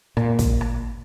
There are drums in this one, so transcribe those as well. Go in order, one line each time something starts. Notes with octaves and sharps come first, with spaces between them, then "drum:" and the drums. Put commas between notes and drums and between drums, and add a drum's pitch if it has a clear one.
A#2, drum: rim click
drum: kick, hi-hat
drum: rim click